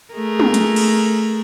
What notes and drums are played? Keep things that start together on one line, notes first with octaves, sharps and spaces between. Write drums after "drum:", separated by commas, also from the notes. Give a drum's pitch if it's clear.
A3 G#4 A#4
drum: tom
drum: hi-hat
drum: cymbal